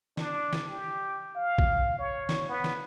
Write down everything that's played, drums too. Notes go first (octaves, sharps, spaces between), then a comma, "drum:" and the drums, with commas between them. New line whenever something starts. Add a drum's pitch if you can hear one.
D4, drum: snare
drum: snare
G4
F5
drum: kick
C#5
drum: snare
B3
drum: snare